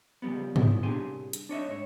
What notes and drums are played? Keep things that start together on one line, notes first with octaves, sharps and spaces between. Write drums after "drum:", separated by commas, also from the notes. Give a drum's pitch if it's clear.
C#3 F3 G3 B3
B3 E4 C5, drum: tom
C2 D4 G4 G#4 G#5 C6
drum: hi-hat
D4 C#5 D#5 E5
G#2 C#5